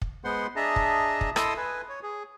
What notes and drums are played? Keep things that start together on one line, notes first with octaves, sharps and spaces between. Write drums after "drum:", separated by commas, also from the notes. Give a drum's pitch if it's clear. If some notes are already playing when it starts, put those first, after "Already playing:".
drum: kick
G#3 B3 C5 F#5 C6
D4 G#4 D#5 E5 A5 A#5
drum: kick
drum: kick
E4 A4 D#5 C6 D#6 E6, drum: rim click
B4 G#5
C#5
G#4